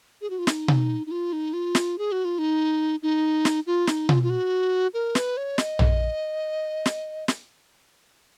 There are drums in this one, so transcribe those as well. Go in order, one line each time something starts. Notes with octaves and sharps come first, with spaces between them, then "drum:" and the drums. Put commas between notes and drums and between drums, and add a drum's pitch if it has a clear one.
G#4
F#4
F4
D#4, drum: snare
drum: tom B2
D#4
F4
D#4
F4
drum: snare
G#4
F#4
F4
D#4
D#4
drum: snare
F4
D#4, drum: snare
F4, drum: tom B2
F4
F#4
A#4
B4, drum: snare
C#5
D#5, drum: snare
drum: tom A#1
drum: snare
drum: snare